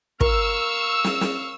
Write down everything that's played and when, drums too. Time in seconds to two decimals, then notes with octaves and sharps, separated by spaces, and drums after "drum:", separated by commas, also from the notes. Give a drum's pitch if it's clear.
0.21 A#4 F5 C#6 E6, drum: kick
1.04 drum: snare
1.21 drum: snare